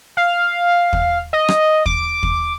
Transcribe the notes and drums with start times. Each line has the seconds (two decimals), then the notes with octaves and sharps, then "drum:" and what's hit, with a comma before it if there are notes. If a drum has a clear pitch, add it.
0.17 F5
0.93 drum: kick
1.33 D#5
1.48 drum: rim click
1.86 D6, drum: kick
2.23 drum: kick